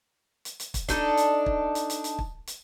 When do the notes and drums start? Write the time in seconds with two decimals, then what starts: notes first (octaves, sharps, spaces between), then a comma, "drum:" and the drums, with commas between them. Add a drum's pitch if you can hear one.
0.45 drum: hi-hat
0.60 drum: hi-hat
0.74 drum: kick, hi-hat
0.88 D4 D#4 A4, drum: kick, hi-hat
1.17 drum: hi-hat
1.46 drum: kick
1.75 drum: hi-hat
1.90 drum: hi-hat
2.04 drum: hi-hat
2.19 drum: kick
2.47 drum: hi-hat